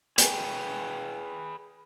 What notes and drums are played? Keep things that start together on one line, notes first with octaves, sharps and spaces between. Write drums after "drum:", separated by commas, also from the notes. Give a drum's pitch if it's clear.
G#4 B4 G5 G#5, drum: hi-hat